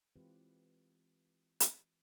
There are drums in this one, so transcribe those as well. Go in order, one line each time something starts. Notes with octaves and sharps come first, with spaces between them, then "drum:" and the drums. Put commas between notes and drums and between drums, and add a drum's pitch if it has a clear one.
E3 G#3 C4 F4 G4 B4
drum: hi-hat